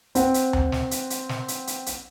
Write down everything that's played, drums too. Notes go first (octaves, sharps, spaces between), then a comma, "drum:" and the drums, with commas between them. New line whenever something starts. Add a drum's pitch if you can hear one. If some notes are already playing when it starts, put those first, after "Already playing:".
C4 F#5, drum: hi-hat
drum: hi-hat
drum: tom D2
drum: snare
drum: hi-hat
drum: hi-hat
drum: snare
drum: hi-hat
drum: hi-hat
drum: hi-hat